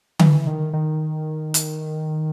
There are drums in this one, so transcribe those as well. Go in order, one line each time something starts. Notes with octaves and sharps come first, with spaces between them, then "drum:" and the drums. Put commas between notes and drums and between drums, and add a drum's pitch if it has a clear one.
E3, drum: tom D3
D#3
D#3
drum: hi-hat